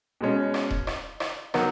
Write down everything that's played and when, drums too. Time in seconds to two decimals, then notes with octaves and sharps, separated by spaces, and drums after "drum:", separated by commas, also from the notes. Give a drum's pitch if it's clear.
0.21 B2 G#3 C#4
0.54 drum: rim click
0.71 drum: kick D#1
0.87 drum: rim click
1.20 drum: rim click
1.54 D#3 F#3 B3, drum: rim click